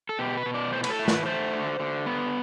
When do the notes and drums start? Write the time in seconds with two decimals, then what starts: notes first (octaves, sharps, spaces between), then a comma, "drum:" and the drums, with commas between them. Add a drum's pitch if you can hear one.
0.09 A4
0.19 B2 G4
0.37 B4
0.46 B2
0.54 D5
0.72 A2 C5
0.84 B4, drum: cymbal
0.90 A4
0.99 A3
1.08 B4, drum: snare
1.26 A3 C5
1.53 D3
1.80 D3
2.06 B3